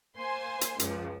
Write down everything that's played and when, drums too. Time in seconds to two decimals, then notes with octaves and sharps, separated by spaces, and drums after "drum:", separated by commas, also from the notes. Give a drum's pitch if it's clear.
0.16 A#3 C5 G#5 C6
0.61 drum: hi-hat
0.79 C#2 F#2 F3, drum: hi-hat